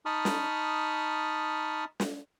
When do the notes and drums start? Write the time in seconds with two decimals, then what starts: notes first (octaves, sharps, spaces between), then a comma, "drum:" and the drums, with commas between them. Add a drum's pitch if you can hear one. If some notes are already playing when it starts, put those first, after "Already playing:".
0.06 D#4 A5 B5 C#6 D#6 F6
0.25 drum: snare
2.00 drum: snare